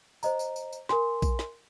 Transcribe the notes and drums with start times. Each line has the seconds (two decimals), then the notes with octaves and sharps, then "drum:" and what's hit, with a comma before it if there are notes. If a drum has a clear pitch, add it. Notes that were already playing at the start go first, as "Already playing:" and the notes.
0.23 C5 D#5 A#5, drum: tambourine
0.39 drum: tambourine
0.56 drum: tambourine
0.73 drum: tambourine
0.89 A#4 G#5 C6, drum: snare
1.22 drum: kick A#1, tambourine
1.39 drum: snare